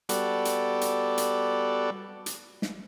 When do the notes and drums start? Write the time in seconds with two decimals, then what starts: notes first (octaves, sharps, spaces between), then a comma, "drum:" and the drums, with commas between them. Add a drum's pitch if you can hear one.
0.09 G3 B3 F#4 A4 D5, drum: hi-hat
0.45 drum: hi-hat
0.81 drum: hi-hat
1.18 drum: hi-hat
2.26 drum: hi-hat
2.62 drum: snare